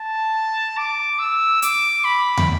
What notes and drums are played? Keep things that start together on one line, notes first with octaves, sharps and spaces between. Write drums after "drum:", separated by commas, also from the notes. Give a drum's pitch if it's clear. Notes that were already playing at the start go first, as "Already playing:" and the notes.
Already playing: A5
D6
E6
D6, drum: hi-hat
B5
drum: tom